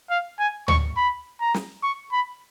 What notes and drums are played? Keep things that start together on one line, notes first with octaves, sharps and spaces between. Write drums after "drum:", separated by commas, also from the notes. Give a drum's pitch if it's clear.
F5
G#5
C#6, drum: tom D2
B5
A#5
drum: snare
C#6
B5